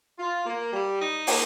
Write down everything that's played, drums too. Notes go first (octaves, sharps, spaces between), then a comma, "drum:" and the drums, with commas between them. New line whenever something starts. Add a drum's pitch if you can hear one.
F4
A#3
G3
D#4
A#3, drum: open hi-hat